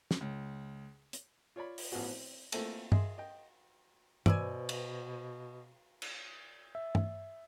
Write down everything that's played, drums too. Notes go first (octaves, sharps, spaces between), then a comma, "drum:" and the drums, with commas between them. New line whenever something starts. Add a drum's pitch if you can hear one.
drum: snare
C#2
drum: hi-hat
F4 C#5 D5 B5
drum: open hi-hat
A1 F3 B3 F#4 G#4
C4
A3 A#3 C4 E4 F4 A4, drum: cymbal
G#4 D#5 E5 C6, drum: tom G2
D#5 G5
B2 B4 C5 D5 E5 G#5, drum: tom
drum: cymbal
drum: cymbal
E5
drum: tom